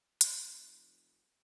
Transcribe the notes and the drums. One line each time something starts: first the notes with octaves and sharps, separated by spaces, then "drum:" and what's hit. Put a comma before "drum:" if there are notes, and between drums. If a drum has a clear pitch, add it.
F1, drum: hi-hat